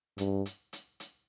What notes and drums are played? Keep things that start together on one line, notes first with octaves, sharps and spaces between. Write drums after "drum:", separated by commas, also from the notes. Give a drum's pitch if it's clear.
G2, drum: hi-hat
drum: hi-hat
drum: hi-hat
drum: hi-hat